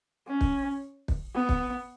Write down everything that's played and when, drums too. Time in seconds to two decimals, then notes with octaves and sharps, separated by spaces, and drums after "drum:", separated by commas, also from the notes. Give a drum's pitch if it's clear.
0.28 C#4
0.41 drum: kick
1.08 drum: kick
1.35 B3
1.49 drum: kick